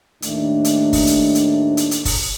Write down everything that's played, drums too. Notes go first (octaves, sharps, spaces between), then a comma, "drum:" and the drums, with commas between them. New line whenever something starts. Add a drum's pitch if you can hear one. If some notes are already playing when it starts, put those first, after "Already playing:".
D#2 A2 D#3 A3 D4, drum: hi-hat
drum: hi-hat
drum: kick, open hi-hat
drum: hi-hat
drum: hi-hat
drum: hi-hat
drum: hi-hat
drum: kick, open hi-hat